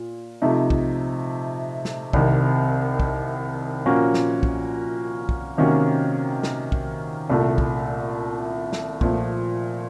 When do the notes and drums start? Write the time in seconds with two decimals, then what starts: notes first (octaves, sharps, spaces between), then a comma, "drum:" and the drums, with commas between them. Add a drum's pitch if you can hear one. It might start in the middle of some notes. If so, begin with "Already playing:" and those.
Already playing: A#2
0.42 C3 F3 A3 D#4
0.70 drum: kick
1.85 drum: snare
2.13 C2 C3 D#3, drum: kick
3.00 drum: kick
3.85 A#2 F3 A#3 C#4 F#4
4.14 drum: snare
4.43 drum: kick
5.29 drum: kick
5.58 C3 D#3 A#3 C#4 F#4
6.43 drum: snare
6.72 drum: kick
7.29 C2 A#2 A3
7.58 drum: kick
8.73 drum: snare
9.01 A#2 F3 A3, drum: kick